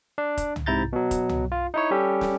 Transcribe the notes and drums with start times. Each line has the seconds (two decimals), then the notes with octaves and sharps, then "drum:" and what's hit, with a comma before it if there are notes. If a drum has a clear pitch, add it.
0.18 D4
0.37 drum: kick F1, hi-hat
0.56 drum: tom
0.66 G#2 C3 E4 A#5 G6 A6
0.93 B2 F#3
1.11 drum: kick F1, hi-hat
1.29 drum: tom
1.52 F4
1.74 D#4 E4 C#5
1.91 G3 C#4 G4 A4
2.21 drum: snare